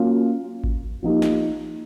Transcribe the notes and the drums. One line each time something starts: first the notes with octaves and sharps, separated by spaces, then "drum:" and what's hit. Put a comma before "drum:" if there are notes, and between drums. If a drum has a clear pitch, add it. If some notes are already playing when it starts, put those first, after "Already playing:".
Already playing: F#3 A#3 C#4 F4
drum: kick G#1
F3 A#3 D#4 G4
drum: snare